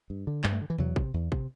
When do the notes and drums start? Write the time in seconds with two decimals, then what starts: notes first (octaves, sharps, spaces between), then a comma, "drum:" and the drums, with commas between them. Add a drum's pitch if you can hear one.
0.10 G2
0.27 D3
0.44 G2 G3, drum: clap
0.53 A3
0.61 D3
0.70 E3
0.78 E2 F#3, drum: tom B2
0.96 C3, drum: kick
1.14 E2
1.32 C3, drum: kick